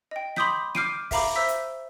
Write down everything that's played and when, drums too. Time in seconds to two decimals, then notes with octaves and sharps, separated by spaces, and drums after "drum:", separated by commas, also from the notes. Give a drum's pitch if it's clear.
0.11 D#5 G5
0.36 B5 C6 D6 D#6 G6 B6, drum: rim click
0.75 D6 F6 G6 C7 D7 D#7, drum: rim click
1.11 E5 F5 A#5 B5 D6, drum: kick, open hi-hat
1.36 C5 E5 E6 B6
1.48 drum: hi-hat